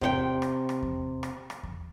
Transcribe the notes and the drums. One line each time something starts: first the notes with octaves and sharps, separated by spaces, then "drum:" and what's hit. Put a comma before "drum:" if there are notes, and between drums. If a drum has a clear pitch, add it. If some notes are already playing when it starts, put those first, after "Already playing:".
C3 D#5 G5, drum: kick E2
drum: rim click
drum: rim click
drum: kick E2
drum: rim click
drum: rim click
drum: kick E2